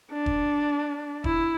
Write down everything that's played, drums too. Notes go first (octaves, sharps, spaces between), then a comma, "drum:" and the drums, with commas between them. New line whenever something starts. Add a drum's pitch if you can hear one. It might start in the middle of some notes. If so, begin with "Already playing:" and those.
D4
drum: kick E1
E4, drum: kick E1